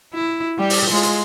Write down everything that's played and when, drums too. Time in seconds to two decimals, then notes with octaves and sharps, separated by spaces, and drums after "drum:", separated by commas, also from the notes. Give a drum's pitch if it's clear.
0.14 E4
0.58 G3 G4
0.70 drum: open hi-hat
0.91 G#3 F4
1.03 drum: hi-hat